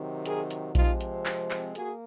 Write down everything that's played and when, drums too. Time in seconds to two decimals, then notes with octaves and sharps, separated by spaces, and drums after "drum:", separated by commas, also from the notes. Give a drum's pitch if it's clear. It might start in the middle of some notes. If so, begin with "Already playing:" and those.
Already playing: C3 D#3 F#3
0.26 G#4 A#4, drum: hi-hat
0.50 drum: hi-hat
0.75 C3 F3 G#3 C4 D#4 F4, drum: kick A#1, hi-hat
1.01 drum: hi-hat
1.26 drum: clap
1.51 drum: clap
1.75 A#3 F#4 G#4, drum: hi-hat